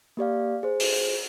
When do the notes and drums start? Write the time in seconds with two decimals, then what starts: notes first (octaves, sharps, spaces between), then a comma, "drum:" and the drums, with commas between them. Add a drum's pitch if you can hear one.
0.17 A#3 G4 D5 F5
0.63 G#4 C5
0.80 drum: open hi-hat